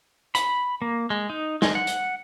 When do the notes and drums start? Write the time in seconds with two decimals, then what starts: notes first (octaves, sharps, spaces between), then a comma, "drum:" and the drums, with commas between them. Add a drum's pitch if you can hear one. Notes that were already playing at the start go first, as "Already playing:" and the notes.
0.35 B5, drum: hi-hat
0.82 A#3
1.10 G#3
1.30 D#4
1.62 G#3, drum: snare
1.75 F#5
1.87 drum: hi-hat